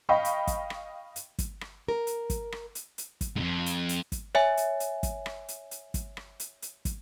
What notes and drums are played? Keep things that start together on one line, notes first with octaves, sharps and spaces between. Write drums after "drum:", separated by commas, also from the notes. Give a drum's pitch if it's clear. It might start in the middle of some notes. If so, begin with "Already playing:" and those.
D#5 F5 G5 B5 C#6
drum: hi-hat
drum: kick, hi-hat
drum: rim click
drum: hi-hat
drum: kick, hi-hat
drum: rim click
A#4
drum: hi-hat
drum: kick, hi-hat
drum: rim click
drum: hi-hat
drum: hi-hat
drum: kick, hi-hat
F2 G#2
drum: hi-hat
drum: hi-hat
drum: kick, hi-hat
C#5 E5 G#5, drum: rim click
drum: hi-hat
drum: hi-hat
drum: kick, hi-hat
drum: rim click
drum: hi-hat
drum: hi-hat
drum: kick, hi-hat
drum: rim click
drum: hi-hat
drum: hi-hat
drum: kick, hi-hat